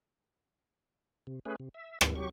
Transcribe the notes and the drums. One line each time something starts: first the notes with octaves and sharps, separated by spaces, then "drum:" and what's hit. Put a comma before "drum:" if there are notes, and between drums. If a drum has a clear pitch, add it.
C3
A3 C#4 G#4 B4
C3
E5
G#2 E3, drum: rim click
F#3 G4 C#6